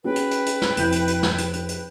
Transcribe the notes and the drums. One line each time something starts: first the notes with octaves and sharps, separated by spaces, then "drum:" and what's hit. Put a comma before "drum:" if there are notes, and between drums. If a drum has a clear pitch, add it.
C#4 F#4 G#4 B4 G5
drum: hi-hat
drum: hi-hat
drum: hi-hat
drum: snare
F1 E4 G6, drum: hi-hat
drum: hi-hat
drum: hi-hat
drum: snare
drum: hi-hat
drum: hi-hat
drum: hi-hat